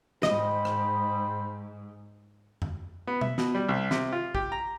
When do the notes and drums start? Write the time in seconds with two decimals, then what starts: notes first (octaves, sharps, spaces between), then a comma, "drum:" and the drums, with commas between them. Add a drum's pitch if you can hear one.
0.23 G#2 C5 D#5 G5 B5, drum: snare
0.65 drum: rim click
2.62 drum: tom F2
3.07 B3
3.21 E5, drum: tom B2
3.38 B2, drum: snare
3.55 G3
3.69 C2
3.91 C3, drum: snare
4.13 F4
4.35 G4, drum: kick
4.52 A#5